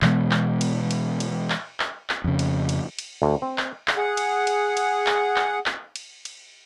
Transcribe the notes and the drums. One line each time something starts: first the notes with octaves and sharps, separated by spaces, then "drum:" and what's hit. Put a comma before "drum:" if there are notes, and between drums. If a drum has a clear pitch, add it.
B2 E3 G#3 B3, drum: clap
drum: clap
drum: cymbal
drum: cymbal
drum: cymbal
drum: clap
drum: clap
drum: clap
F2 C#3
drum: cymbal
drum: cymbal
drum: cymbal
D2
C4
drum: clap
drum: clap
G#4 F#5
drum: cymbal
drum: cymbal
drum: cymbal
drum: clap
drum: clap
drum: clap
drum: cymbal
drum: cymbal